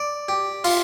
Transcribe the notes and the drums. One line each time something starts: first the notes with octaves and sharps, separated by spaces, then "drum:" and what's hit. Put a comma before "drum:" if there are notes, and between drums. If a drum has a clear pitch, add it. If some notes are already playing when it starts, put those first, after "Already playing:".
Already playing: D5
G4
F4, drum: open hi-hat